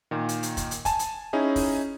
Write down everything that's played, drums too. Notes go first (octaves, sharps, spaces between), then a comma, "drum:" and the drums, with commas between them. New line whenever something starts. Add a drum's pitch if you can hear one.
A#2 D#3
drum: hi-hat
drum: hi-hat
drum: kick, hi-hat
drum: hi-hat
G#5 A5, drum: kick, hi-hat
drum: hi-hat
C#4 D#4 E4 G#4
drum: kick, open hi-hat